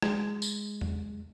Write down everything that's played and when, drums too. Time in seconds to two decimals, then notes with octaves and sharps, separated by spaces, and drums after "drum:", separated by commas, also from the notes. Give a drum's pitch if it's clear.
0.02 G#3, drum: rim click
0.42 drum: tambourine
0.81 drum: tom